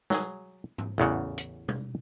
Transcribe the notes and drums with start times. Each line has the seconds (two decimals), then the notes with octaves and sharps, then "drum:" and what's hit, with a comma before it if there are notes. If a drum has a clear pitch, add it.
0.10 F#3 G#4, drum: snare
0.78 drum: tom G#2
0.98 A1 E2 C#3 F#5
1.38 drum: hi-hat
1.68 drum: tom B2